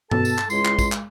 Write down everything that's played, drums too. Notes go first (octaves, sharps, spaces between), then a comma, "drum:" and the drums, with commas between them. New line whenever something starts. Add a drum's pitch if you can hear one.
B2 A4 A5, drum: tom G2
drum: tambourine
drum: clap
C#2 G#3 E4 C6, drum: tambourine
drum: clap
drum: kick, tambourine
drum: clap